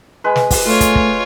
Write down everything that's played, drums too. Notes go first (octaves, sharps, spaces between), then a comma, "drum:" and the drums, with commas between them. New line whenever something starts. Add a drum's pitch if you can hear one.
G#3 B4
drum: snare
drum: kick, open hi-hat
A3 F4 C#5
drum: kick, hi-hat
drum: kick